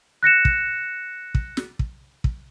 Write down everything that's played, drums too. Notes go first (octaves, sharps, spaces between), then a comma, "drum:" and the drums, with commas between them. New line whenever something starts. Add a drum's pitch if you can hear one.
F#6 A#6 C#7 E7
drum: kick
drum: kick
drum: snare
drum: kick
drum: kick